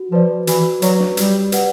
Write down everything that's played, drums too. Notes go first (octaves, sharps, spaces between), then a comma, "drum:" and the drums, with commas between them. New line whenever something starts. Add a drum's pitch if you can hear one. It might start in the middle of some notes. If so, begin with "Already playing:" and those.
Already playing: F#4
F3 B4 D5
E3 F#4, drum: hi-hat
F#3 B4 D5, drum: hi-hat
drum: snare
G3 G4, drum: hi-hat
B4 D5 F#5, drum: hi-hat